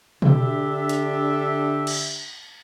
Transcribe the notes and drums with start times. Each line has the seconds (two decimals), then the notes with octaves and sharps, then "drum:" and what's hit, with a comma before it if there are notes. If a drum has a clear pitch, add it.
0.22 D3 D4 G4 E5, drum: tom B2
0.89 drum: hi-hat
1.87 drum: cymbal